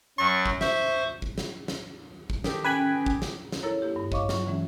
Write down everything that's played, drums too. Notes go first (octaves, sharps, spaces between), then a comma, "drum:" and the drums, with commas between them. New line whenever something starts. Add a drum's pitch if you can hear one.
F#2 F#3 C#6 A6
drum: kick
C5 E5 C#6, drum: snare
drum: kick
drum: snare
drum: snare
drum: kick
D#3 G4 A4, drum: snare
C#4 B4 G5 G#5 B5
drum: kick
drum: snare
drum: snare
E4 A4 A#4 C#5 A#5
A#3 E4 G4
G2
C#5 D#5 F5 C#6 D6, drum: kick
F#3 F4 C#6, drum: snare
D3 E3 G#3 C#4